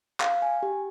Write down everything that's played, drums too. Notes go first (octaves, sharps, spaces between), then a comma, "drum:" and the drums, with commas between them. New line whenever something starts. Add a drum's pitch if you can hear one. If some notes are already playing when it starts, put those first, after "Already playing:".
F5, drum: clap
G#5
G4